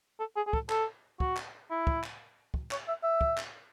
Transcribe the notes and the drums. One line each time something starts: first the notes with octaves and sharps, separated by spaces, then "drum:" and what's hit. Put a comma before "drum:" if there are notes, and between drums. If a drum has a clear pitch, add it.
A4
G#4
G#4
A4, drum: kick
A4, drum: clap
F#4, drum: kick
drum: clap
E4
drum: kick
drum: clap
drum: kick
C#5, drum: clap
E5
E5
drum: kick
drum: clap